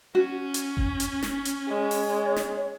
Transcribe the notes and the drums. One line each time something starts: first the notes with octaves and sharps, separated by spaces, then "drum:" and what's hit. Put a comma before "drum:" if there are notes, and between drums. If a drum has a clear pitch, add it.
C#4 F#4
drum: hi-hat
drum: kick F#1
drum: hi-hat
drum: snare
drum: hi-hat
G#3 C#5
drum: open hi-hat
drum: snare